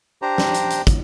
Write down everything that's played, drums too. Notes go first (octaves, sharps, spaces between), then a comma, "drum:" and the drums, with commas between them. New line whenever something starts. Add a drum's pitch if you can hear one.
D4 G4 C5 A#5
drum: snare
drum: hi-hat
drum: hi-hat
drum: kick, hi-hat